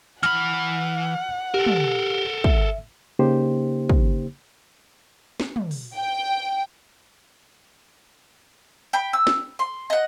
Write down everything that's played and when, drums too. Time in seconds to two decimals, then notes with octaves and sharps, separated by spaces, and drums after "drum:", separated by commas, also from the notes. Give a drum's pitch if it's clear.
0.23 E3 F#5 B5 F6, drum: hi-hat
1.54 G4 A4 A#4
1.66 drum: tom
2.44 E5, drum: kick
3.19 C#3 A#3 D#4 G4 C5
3.89 drum: kick
5.40 drum: snare
5.56 drum: tom
5.71 drum: open hi-hat
5.95 G5
8.93 G5 B5
9.13 E6
9.27 drum: snare
9.59 C6
9.90 D#5 F#5